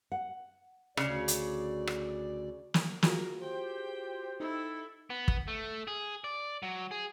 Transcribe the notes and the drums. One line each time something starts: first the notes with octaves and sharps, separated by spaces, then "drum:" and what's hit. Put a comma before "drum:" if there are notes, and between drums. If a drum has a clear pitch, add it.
F#5
D2 C#3 D5, drum: rim click
drum: hi-hat
drum: rim click
drum: snare
F4 F#4 G#4 A#4, drum: snare
G4 C5 G5
D#4 E4 A4
B3
drum: kick
A3
G#4
D5
F#3
G#4